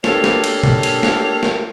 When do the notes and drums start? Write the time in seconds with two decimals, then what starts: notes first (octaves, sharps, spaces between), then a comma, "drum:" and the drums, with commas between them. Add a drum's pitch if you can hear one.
0.04 A#3 D4 G4 A4 C#5, drum: snare
0.24 drum: snare
0.44 drum: cymbal
0.63 drum: tom
0.83 drum: cymbal
1.03 drum: snare
1.43 drum: snare